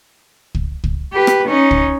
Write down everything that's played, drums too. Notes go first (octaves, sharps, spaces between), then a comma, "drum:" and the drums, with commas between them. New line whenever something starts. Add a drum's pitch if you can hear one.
drum: kick
drum: kick
G4 B4
drum: rim click
C#4 D#4
drum: kick